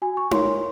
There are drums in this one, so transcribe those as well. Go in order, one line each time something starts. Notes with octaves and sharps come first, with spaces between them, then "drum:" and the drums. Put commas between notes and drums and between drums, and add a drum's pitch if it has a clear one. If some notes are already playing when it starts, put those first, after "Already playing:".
F#4 G#5
C#6
A#4 C#5 C6, drum: tom D#4